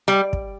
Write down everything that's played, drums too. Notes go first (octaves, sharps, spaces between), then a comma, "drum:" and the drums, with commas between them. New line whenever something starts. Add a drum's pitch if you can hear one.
G3
drum: kick